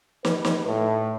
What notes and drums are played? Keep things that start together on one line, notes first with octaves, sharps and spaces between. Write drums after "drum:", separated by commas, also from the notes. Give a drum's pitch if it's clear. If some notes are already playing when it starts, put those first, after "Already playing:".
B4, drum: snare
drum: snare
A2